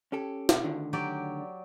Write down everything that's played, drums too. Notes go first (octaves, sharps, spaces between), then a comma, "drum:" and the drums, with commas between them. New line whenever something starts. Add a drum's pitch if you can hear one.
C#4 G4 A4
B2, drum: snare
D2 D3 D#3
F#3 G4 D5